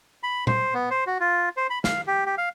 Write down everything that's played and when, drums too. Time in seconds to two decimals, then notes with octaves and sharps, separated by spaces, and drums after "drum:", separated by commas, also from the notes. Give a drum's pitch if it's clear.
0.23 B5
0.47 C5, drum: tom A#2
0.74 B3
0.91 C5
1.07 F#4
1.20 F4
1.57 C5
1.70 B5
1.84 F5, drum: snare
2.07 G4
2.26 G4
2.38 F5